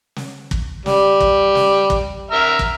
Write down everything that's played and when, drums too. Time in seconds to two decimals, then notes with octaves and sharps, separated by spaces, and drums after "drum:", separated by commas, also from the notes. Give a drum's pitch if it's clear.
0.16 drum: snare
0.51 drum: kick
0.86 G3, drum: snare
1.20 drum: kick
1.55 drum: snare
1.90 drum: kick
2.31 E5 A#5 F6
2.59 drum: kick